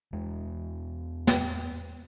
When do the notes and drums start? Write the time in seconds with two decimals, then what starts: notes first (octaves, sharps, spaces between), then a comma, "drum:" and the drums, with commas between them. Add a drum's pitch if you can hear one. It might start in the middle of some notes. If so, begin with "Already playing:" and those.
0.13 E2 G#3
1.27 drum: snare